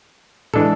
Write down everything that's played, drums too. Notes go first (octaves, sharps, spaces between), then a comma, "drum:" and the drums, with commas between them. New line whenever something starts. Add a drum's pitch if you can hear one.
E3 G#3 D4 A4, drum: tom